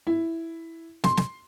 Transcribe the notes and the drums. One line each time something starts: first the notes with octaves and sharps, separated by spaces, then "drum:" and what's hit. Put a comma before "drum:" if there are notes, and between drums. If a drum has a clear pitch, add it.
E4
C6, drum: snare
drum: snare